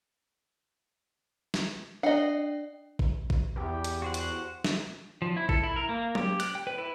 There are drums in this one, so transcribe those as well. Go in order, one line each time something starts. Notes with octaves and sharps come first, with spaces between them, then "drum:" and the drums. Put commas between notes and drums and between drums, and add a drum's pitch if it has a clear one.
drum: snare
D4 D5 D#5 F#5 G5
drum: kick A1
drum: kick A1
E2 G4
drum: hi-hat
F#4 C5 F#5
drum: hi-hat
drum: snare
F3
E4
A4, drum: kick A1
E4
A#4
A#3
G4, drum: tom F#3
F#6, drum: hi-hat
G5
B4
E4